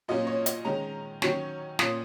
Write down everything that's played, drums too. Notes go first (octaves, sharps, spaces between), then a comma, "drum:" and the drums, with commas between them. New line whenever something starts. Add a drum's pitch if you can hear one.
A#2 F#3 A#3 C#4 D#5
C#5
D#5, drum: hi-hat
D#3 G#3 C#4 A#5
D#3 F#3 C#4 C#6, drum: snare
A#2 A#3 C#4 D#6, drum: snare